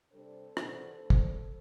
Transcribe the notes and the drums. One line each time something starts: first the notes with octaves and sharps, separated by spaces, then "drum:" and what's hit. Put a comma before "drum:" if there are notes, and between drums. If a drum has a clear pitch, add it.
C3 G3 D4 A4 C5
C3 E3 B3 D4, drum: rim click
D3 A3 D4
drum: kick